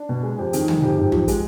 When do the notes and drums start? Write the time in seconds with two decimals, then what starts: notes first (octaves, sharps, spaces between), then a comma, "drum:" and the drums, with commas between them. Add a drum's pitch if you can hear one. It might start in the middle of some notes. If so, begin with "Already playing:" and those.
Already playing: D4
0.09 B2
0.23 G#3
0.38 F2 G4
0.53 D#3 G#4, drum: hi-hat
0.68 G#3 G#4, drum: tom
0.83 F2 G4
0.97 G#2 G4
1.12 F3, drum: tom
1.28 G#3, drum: hi-hat